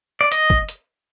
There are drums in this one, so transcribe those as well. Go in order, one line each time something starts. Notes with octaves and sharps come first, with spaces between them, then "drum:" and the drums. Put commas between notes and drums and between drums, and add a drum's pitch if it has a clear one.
D5
D#5, drum: hi-hat
drum: kick
drum: hi-hat